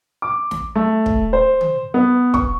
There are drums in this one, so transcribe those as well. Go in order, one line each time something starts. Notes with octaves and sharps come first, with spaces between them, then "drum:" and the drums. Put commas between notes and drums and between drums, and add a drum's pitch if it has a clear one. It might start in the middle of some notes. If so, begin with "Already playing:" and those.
D6
drum: snare
A3
drum: kick
C5
drum: tom D3
B3
C#6, drum: kick